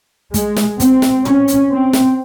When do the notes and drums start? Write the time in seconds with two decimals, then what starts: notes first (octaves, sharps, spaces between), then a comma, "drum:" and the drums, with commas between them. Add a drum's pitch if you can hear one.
0.34 G#3, drum: kick, hi-hat
0.57 drum: snare
0.80 C4, drum: kick, hi-hat
1.02 drum: snare
1.25 C#4, drum: tom
1.48 drum: hi-hat
1.71 C4
1.93 drum: snare